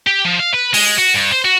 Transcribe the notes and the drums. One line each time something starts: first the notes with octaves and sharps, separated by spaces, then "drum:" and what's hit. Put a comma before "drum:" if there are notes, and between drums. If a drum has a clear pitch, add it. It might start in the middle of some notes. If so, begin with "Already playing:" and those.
G4
F3
F5
B4
G#3, drum: open hi-hat
F#4
G2
C5
F#4